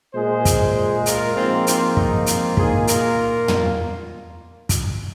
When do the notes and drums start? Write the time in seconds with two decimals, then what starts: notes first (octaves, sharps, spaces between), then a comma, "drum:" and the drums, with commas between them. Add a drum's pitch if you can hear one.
0.14 A#2 G#3 G#4 C5
0.45 drum: kick, hi-hat
1.06 F4 A#4, drum: hi-hat
1.36 G#2 F3 A#3 C4 F4
1.67 C4 F4, drum: hi-hat
1.97 D#4, drum: kick
2.26 C4 F4, drum: hi-hat
2.57 A#2 A#3 D#4 G#4, drum: kick
2.87 F4 A#4, drum: hi-hat
3.48 drum: tom
4.69 drum: kick, hi-hat